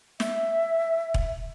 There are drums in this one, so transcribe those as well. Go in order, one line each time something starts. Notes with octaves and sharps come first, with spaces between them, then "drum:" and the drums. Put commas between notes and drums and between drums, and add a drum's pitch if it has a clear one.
E5, drum: snare
drum: kick E1